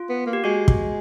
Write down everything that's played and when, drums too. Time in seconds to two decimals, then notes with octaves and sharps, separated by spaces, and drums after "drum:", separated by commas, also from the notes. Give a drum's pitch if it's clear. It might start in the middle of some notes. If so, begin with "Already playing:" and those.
Already playing: F4
0.09 B3
0.26 A#3
0.33 G4
0.44 G#3 F#4
0.68 drum: kick